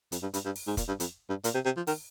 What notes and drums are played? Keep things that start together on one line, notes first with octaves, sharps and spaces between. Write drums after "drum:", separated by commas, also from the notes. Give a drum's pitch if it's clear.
F2, drum: hi-hat
G2
G2, drum: hi-hat
G2
drum: open hi-hat
G#2
A#2, drum: kick, hi-hat
G2
F2, drum: hi-hat
G2
A#2, drum: hi-hat
C3
C3
F3
D#3, drum: open hi-hat